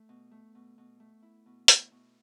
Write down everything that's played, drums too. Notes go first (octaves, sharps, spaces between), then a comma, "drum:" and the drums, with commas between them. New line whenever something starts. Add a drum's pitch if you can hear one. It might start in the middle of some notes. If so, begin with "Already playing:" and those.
Already playing: A3
B2
A3
B2
B2
A3
E4
B2
E4, drum: hi-hat
B2